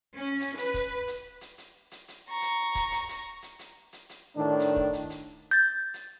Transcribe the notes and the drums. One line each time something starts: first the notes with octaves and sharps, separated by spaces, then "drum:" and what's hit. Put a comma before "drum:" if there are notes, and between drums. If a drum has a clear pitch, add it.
C#4
drum: hi-hat
B4, drum: hi-hat
drum: kick, hi-hat
drum: hi-hat
drum: hi-hat
drum: hi-hat
drum: hi-hat
drum: hi-hat
A#5 C#6
drum: hi-hat
drum: kick, hi-hat
drum: hi-hat
drum: hi-hat
drum: hi-hat
drum: hi-hat
drum: hi-hat
drum: hi-hat
A2 D#3 D4
drum: hi-hat
drum: kick
drum: hi-hat
drum: hi-hat
G6 A6
drum: hi-hat